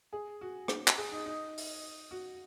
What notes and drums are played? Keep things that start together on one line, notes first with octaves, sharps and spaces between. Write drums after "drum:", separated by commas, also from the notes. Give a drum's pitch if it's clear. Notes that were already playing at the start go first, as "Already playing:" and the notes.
G#4
F#4
drum: rim click
drum: clap
G#4
D#4
D#4
drum: open hi-hat
F#4